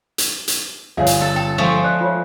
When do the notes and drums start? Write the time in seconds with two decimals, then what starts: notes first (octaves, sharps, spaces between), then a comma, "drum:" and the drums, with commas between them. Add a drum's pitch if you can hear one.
0.18 drum: hi-hat
0.48 drum: hi-hat
0.97 G1 G#4 C#5 D5 E5 F5
1.07 drum: hi-hat
1.21 A4
1.36 A4 G5
1.58 F3 G#3 A3 A4 C#6
1.84 D5 F#6
2.01 F4 C#5